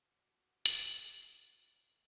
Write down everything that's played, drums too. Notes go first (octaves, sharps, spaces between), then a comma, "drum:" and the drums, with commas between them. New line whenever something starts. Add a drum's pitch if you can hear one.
F#4 F#5 D6
drum: hi-hat